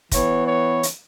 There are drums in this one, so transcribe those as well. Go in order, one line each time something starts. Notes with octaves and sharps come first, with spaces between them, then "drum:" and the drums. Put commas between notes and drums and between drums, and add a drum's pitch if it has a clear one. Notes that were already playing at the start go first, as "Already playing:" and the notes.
E3 B3 C#5, drum: kick, hi-hat
C#5
drum: hi-hat